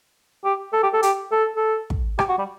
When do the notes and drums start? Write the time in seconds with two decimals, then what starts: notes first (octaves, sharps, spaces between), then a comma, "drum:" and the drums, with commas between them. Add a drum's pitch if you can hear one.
0.45 G4
0.73 A4
0.83 G4
0.93 A4
1.03 G4, drum: hi-hat
1.32 A4
1.56 A4
1.90 drum: kick
2.19 G4, drum: rim click
2.29 F#4
2.38 G3